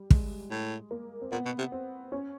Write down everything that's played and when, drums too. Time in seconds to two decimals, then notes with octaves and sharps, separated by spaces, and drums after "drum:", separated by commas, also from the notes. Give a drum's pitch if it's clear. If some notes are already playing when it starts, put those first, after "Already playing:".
Already playing: G3
0.10 G#3, drum: kick
0.51 A2
0.91 A#3
1.22 C4
1.32 A#2 B3
1.45 B2
1.58 C3
1.72 C4
2.12 C#4